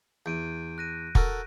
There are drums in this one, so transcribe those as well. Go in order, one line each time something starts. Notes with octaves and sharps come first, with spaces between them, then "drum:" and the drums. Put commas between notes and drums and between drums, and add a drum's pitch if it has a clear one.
E2 G6 D7 D#7
F#6 A#6 D#7
F#4 A4 A#4, drum: kick